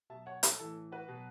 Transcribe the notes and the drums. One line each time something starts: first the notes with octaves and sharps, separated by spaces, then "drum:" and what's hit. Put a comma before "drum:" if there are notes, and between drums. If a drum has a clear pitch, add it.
B2 F#3 E5 A5
C#5 F#5
A4, drum: hi-hat
A2 E3 A4
F#4 B4
B2 F#3